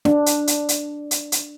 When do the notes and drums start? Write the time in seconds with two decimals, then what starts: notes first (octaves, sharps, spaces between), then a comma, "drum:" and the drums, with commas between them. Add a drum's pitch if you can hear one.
0.05 D4, drum: snare
0.26 drum: hi-hat
0.47 drum: hi-hat
0.69 drum: hi-hat
1.11 drum: hi-hat
1.32 drum: hi-hat